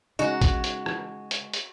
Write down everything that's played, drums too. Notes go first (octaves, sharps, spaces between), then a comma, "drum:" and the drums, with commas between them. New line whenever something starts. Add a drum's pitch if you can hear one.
C#3 G#3 D#4 F#4
drum: kick, hi-hat
drum: hi-hat
drum: rim click
drum: hi-hat
drum: hi-hat